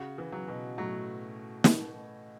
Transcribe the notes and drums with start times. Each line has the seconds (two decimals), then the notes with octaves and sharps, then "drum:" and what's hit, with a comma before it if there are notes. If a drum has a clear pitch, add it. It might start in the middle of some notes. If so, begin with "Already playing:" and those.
Already playing: C#3 F#4
0.18 E3
0.32 F#3
0.48 B2
0.78 A2 F#3
1.64 drum: snare